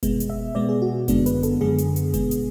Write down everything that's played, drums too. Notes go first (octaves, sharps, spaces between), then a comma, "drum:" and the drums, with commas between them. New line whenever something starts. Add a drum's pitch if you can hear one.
B2 G#3 B3, drum: kick F#1, hi-hat
drum: hi-hat
E5
B2 G#3 B3 D5
G#4
F#4
F#2 D3 G#3 B3 D4, drum: kick F#1, hi-hat
B4, drum: hi-hat
A4, drum: hi-hat
F#2 D3 G#3 B3 G#4
drum: hi-hat
drum: hi-hat
B2 G#3 B3, drum: kick F#1, hi-hat
drum: hi-hat